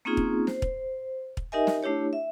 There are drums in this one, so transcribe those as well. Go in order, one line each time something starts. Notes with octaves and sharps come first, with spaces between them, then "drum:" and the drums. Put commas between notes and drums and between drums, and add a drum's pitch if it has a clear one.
A#3 C4 C#4 D#4 F4 G#4
drum: kick
C5, drum: snare
drum: kick
drum: kick
D#4 G4 A#4 D#5 E5 G#5
drum: snare
A3 D4 E4 G4 C#5
E5